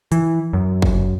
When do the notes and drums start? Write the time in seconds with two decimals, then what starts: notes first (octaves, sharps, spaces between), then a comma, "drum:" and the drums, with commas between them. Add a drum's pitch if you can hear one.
0.12 E3, drum: hi-hat
0.53 F#2
0.82 drum: kick G1